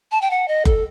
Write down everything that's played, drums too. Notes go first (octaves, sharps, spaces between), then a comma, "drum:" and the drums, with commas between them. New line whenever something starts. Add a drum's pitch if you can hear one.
A5
G5
F#5
D#5
A4, drum: kick F#1